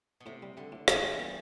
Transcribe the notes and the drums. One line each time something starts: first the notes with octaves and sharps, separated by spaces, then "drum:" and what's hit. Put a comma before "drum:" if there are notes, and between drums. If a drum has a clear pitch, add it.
B2
A2 C3
G3
D3 G3
A2
A2 E3, drum: rim click
A2
G3 B3